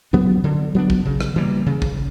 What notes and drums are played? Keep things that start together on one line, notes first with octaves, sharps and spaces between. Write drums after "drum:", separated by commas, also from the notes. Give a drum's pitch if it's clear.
F#3 B3 D4
D3
F#3 B3 D4
drum: kick
C#3
drum: rim click
E3 G3 A#3
C#3
drum: kick